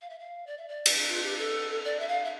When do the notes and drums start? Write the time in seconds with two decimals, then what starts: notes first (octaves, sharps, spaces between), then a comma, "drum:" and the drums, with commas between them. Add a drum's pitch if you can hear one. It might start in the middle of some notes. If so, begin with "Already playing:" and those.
0.01 F5
0.10 E5
0.19 F5
0.47 D5
0.58 E5
0.68 D5
0.86 drum: cymbal
1.09 F4
1.24 G4
1.39 A4
1.85 D5
2.00 E5
2.08 F5
2.25 E5